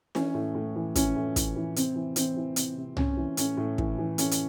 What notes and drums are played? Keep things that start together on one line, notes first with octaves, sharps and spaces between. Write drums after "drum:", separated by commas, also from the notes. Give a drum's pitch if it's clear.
E3 C#4, drum: snare D4
A2
A2
E3
E3 C#4, drum: kick, hi-hat
A2
E3, drum: kick, hi-hat
E3
C3 C4, drum: hi-hat
E3
E3 C4, drum: hi-hat
E3
C3, drum: hi-hat
C3
C3 C#4, drum: tom C2
E3
A2 C#4, drum: hi-hat
A2
E3, drum: kick
E3
A2 C#4, drum: hi-hat
drum: hi-hat